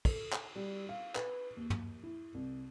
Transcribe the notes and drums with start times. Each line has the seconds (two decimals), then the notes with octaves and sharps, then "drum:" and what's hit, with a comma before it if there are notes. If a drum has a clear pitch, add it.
0.05 A4, drum: kick, cymbal
0.33 drum: clap
0.56 G3
0.89 F5
1.15 B4, drum: clap
1.57 D#2
1.70 drum: tom
2.03 E4
2.34 C2